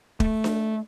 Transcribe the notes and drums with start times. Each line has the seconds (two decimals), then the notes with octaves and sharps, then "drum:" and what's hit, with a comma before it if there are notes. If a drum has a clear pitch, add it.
0.20 A3, drum: kick
0.44 drum: snare D4